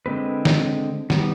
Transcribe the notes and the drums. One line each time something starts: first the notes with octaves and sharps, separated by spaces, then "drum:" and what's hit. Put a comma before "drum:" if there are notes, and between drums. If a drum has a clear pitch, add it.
D3 G#3 C4 B4
drum: snare
D#3 G3 B3, drum: snare